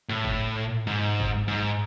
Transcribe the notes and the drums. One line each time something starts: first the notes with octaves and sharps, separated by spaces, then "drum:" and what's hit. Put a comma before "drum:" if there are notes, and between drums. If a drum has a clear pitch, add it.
A2
drum: kick F1
G#2
drum: kick F1
G#2